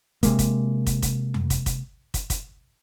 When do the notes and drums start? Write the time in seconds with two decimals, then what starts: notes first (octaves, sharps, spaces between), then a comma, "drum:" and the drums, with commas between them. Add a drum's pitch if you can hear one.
0.23 C3 G#3 A#3, drum: kick, hi-hat
0.39 drum: kick, hi-hat
0.87 drum: kick, hi-hat
1.02 drum: kick, hi-hat
1.34 drum: tom F2
1.50 drum: kick, hi-hat
1.66 drum: kick, hi-hat
2.14 drum: kick, hi-hat
2.30 drum: kick, hi-hat